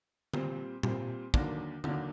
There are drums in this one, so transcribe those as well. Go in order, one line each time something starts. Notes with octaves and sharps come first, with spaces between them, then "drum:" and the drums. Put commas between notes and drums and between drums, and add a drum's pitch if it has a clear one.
A#2 G3 C4, drum: tom D3
A#2 G3 C4, drum: tom A#2
D#2 D3 F#3 A#3 D4, drum: kick
D#2 D3 F#3 A#3 D4, drum: tom D3